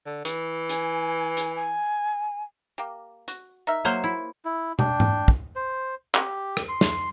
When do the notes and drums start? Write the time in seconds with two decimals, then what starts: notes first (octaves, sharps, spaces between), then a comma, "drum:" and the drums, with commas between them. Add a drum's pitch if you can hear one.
0.06 D3
0.25 E3, drum: hi-hat
0.69 G#5, drum: hi-hat
1.37 drum: hi-hat
1.56 G#5
2.78 A#3 G4
3.28 F#4, drum: hi-hat
3.67 D#4 A#4 E5
3.85 F#3 A#3 C5
4.04 E4
4.45 E4
4.79 D4 G5, drum: tom
5.00 drum: tom G#2
5.28 drum: kick
5.56 C5
6.14 G4, drum: clap
6.57 drum: rim click
6.69 C6
6.81 drum: snare